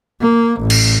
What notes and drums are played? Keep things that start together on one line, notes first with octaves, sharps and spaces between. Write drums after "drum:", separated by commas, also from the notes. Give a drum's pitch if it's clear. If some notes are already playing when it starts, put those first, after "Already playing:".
A#3
A1
drum: cymbal